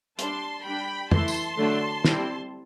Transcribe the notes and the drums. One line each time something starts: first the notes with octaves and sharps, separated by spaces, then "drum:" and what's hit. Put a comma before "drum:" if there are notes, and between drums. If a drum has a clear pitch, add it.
G3 D4 A5 C6, drum: hi-hat
G3 D4 G5 B5
E3 A3 E4 A5 C6, drum: tom F2
drum: tambourine
D3 F#3 A3 D4
G3 C4 E4, drum: snare